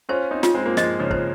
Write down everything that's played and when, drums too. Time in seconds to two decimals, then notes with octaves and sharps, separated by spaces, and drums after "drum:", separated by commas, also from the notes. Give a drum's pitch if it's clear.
0.09 C#4 F4 C5
0.31 C4 D#4
0.43 F4, drum: snare
0.54 G#3 C4
0.66 A#3
0.77 F3 G#3 D#5, drum: snare
0.99 C#3 F3
1.11 C5, drum: kick